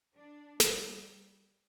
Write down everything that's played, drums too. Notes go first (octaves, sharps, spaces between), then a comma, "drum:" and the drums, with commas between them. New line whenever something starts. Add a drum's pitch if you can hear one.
D4
G3, drum: snare